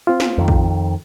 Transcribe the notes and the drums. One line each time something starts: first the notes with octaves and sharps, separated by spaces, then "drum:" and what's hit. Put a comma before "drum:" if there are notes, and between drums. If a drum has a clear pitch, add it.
C4 F4
drum: snare
F2 D#3
drum: kick A#1